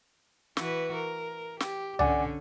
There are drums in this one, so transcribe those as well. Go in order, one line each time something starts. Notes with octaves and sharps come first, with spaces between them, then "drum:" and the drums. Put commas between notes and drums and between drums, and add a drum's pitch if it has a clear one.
E3 F#4 B4, drum: snare
A#4
G4, drum: snare
D3 C#4 D5 F#5 G#5, drum: tom C2